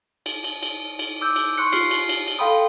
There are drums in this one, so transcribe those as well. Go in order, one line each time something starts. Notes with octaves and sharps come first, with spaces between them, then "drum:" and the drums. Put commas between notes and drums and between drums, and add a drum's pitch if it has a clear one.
drum: cymbal
drum: cymbal
drum: cymbal
drum: cymbal
D6 E6 G6
drum: cymbal
C6 C#6 F#6 C#7
F4 G4 F6 C7, drum: cymbal
drum: cymbal
drum: cymbal
drum: cymbal
A4 F5 G5 B5 C6 D#6